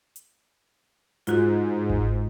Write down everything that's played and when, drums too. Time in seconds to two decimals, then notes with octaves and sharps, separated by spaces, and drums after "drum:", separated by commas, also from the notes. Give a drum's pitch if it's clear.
0.16 drum: hi-hat
1.27 G#2 F4 F#4, drum: hi-hat
1.90 drum: kick G1